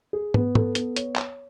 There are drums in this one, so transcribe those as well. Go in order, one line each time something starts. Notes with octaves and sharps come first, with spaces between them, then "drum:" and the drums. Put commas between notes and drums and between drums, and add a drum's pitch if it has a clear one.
G#4
B3, drum: tom
A4, drum: tom
B3, drum: hi-hat
C#5, drum: hi-hat
C#5, drum: clap